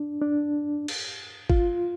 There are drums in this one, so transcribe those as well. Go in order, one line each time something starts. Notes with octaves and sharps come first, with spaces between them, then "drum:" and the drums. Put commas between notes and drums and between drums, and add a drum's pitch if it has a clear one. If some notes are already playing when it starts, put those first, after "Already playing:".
Already playing: D4
D4
drum: cymbal
F4, drum: kick